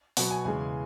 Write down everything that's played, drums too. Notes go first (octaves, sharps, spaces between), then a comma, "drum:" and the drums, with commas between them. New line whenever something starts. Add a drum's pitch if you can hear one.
B2 F#3 B3 F#5, drum: open hi-hat
G#5
E2 C#3 E3 G#3 G#5